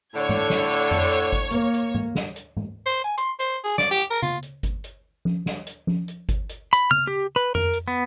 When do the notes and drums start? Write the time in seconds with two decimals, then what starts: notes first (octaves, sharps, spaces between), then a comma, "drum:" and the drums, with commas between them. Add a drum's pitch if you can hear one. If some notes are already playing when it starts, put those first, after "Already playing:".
0.14 A2 D3 C#5 G#6
0.29 drum: tom G#2
0.50 drum: snare
0.71 drum: hi-hat
0.91 drum: tom F2
1.12 drum: hi-hat
1.33 drum: kick G1, hi-hat
1.50 A#3, drum: hi-hat
1.74 drum: hi-hat
1.95 drum: tom G#2
2.15 drum: snare
2.36 drum: hi-hat
2.57 drum: tom G#2
2.86 C5
3.04 G#5
3.18 C6, drum: hi-hat
3.39 C5, drum: hi-hat
3.64 G#4
3.78 D5, drum: snare
3.91 G4
4.11 A#4
4.22 F4, drum: tom C#3
4.43 drum: hi-hat
4.63 drum: kick G1, hi-hat
4.84 drum: hi-hat
5.25 drum: tom F3
5.46 drum: snare
5.67 drum: hi-hat
5.87 drum: tom F3
6.08 drum: hi-hat
6.29 drum: kick G1, hi-hat
6.49 drum: hi-hat
6.73 B5, drum: hi-hat
6.91 F6, drum: tom C#3
7.07 G4
7.36 B4
7.55 A#4, drum: tom F2
7.73 drum: hi-hat
7.88 B3